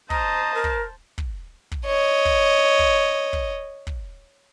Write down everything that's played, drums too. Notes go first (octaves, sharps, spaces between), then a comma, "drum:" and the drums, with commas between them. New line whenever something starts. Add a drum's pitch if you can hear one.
C5 D#5 A5 A#5, drum: kick
A#4
drum: kick
drum: kick
drum: kick
C#5 D#5
drum: kick
drum: kick
drum: kick
drum: kick